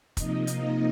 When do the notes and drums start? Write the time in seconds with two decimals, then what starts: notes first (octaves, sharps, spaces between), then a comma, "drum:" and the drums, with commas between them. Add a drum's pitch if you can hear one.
0.17 C3 F3 A#3 D#4 D#5, drum: kick, hi-hat
0.47 drum: hi-hat